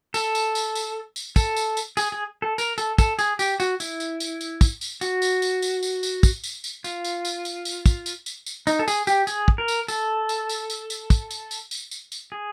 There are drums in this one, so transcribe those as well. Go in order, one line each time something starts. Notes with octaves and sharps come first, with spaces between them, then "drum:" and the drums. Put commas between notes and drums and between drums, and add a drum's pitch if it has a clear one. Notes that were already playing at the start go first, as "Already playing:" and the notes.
A4, drum: tambourine
drum: tambourine
drum: tambourine
drum: tambourine
drum: tambourine
A4, drum: kick, tambourine
drum: tambourine
drum: tambourine
G#4, drum: tambourine
G#4
A4
A#4, drum: tambourine
A4, drum: tambourine
A4, drum: kick, tambourine
G#4, drum: tambourine
G4, drum: tambourine
F#4, drum: tambourine
E4, drum: tambourine
drum: tambourine
drum: tambourine
drum: tambourine
drum: kick, tambourine
drum: tambourine
F#4, drum: tambourine
drum: tambourine
drum: tambourine
drum: tambourine
drum: tambourine
drum: tambourine
drum: kick, tambourine
drum: tambourine
drum: tambourine
F4, drum: tambourine
drum: tambourine
drum: tambourine
drum: tambourine
drum: tambourine
drum: kick, tambourine
drum: tambourine
drum: tambourine
drum: tambourine
D#4, drum: tambourine
A4
G#4, drum: tambourine
G4, drum: tambourine
G#4, drum: tambourine
drum: kick
A#4
drum: tambourine
A4, drum: tambourine
drum: tambourine
drum: tambourine
drum: tambourine
drum: tambourine
drum: kick, tambourine
drum: tambourine
drum: tambourine
drum: tambourine
drum: tambourine
drum: tambourine
G#4